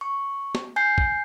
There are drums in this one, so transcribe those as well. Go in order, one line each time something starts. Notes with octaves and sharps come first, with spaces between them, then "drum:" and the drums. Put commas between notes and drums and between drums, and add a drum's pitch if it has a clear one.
C#6
drum: snare
G#5 G6 C7
drum: kick